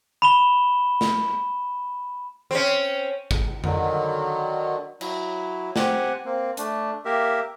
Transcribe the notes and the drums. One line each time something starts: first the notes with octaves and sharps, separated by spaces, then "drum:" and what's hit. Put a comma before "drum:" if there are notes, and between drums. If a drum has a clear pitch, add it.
B5 E7 G7
drum: snare
C4 C#4
drum: kick
D3 D#3 F#3, drum: tom F2
F#3 E4, drum: cymbal
C4 G4 F#5 G#5, drum: snare
A#3 C4
A3 D4, drum: hi-hat
A#3 G4 A#4 E5